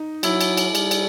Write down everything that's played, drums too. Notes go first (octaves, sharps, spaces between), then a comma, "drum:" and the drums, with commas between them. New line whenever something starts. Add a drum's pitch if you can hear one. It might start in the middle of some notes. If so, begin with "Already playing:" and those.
Already playing: D#4
F#3 E4, drum: cymbal
drum: cymbal
drum: cymbal
G3, drum: cymbal
drum: cymbal